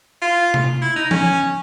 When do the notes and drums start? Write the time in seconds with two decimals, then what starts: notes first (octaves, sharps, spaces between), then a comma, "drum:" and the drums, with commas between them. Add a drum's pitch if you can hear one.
0.22 F4
0.54 drum: tom C3
0.82 E4
0.96 D#4
1.11 C#4, drum: tom F3